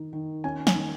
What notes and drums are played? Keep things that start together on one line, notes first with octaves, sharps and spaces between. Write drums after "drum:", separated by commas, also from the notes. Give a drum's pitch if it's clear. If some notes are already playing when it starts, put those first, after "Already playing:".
Already playing: D#3 D#4
D#3
C#4 G#5
G#5, drum: snare
D#3